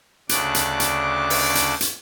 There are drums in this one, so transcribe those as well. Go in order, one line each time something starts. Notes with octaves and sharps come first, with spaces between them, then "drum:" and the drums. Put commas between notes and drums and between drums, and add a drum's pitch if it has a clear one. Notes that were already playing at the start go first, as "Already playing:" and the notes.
D2 C#3 D4 D6 F#6, drum: hi-hat
drum: hi-hat
drum: hi-hat
drum: open hi-hat
drum: hi-hat
drum: hi-hat